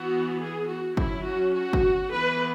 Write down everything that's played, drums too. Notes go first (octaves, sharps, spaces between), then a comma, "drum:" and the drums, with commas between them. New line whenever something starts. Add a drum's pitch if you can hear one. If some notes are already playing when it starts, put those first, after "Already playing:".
Already playing: E3 B3 F#4
G#4
F#4
F#3 C#4 E4, drum: kick G1
F#4
F#4
drum: kick G1
E3 B3 B4